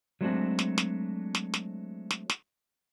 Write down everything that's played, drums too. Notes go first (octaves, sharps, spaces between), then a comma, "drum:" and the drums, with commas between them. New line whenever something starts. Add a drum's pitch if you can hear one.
F#3 G#3 A3 C4 D4 F#4
drum: snare
drum: snare
drum: snare
drum: snare
drum: snare
drum: snare